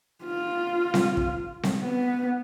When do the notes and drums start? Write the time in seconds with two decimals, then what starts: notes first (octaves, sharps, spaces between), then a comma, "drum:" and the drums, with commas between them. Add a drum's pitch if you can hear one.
0.24 F4
0.94 drum: snare C4
1.17 drum: kick
1.63 drum: snare C4
1.82 B3